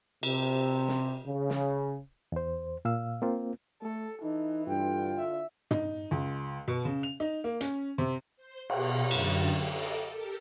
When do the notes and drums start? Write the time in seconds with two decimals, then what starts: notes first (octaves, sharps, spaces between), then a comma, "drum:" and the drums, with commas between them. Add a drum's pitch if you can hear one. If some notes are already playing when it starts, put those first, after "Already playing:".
0.23 C3, drum: cymbal
0.88 drum: snare
1.26 C#3
1.50 drum: snare
2.32 E2 C5
2.85 A#2 F5 E6
3.22 A#3 C4 F4
3.82 A3 A4
4.23 E3 D#4
4.67 G2 D3 F4 G5
5.18 E5
5.71 D#4, drum: tom
6.11 C#2
6.68 B2
6.85 C#3
7.03 F7
7.20 D#4
7.44 A#3
7.61 C#4, drum: hi-hat
7.98 C3
8.36 C5 G6
8.70 B2 A#5, drum: cymbal
9.11 F#2 D3 A#5 A6, drum: cymbal
9.50 A4 D#5 D6
10.05 G4 A4 A#4